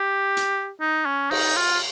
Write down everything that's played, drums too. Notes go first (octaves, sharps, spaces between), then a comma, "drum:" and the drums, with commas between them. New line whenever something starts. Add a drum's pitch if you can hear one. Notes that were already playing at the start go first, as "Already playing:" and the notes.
Already playing: G4
drum: hi-hat
D#4
C#4
D#4, drum: cymbal
F4